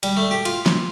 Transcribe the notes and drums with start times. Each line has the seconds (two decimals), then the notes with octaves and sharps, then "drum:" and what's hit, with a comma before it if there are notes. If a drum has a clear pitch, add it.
0.03 G3, drum: cymbal
0.17 A3
0.31 G4
0.45 F4, drum: cymbal
0.66 drum: snare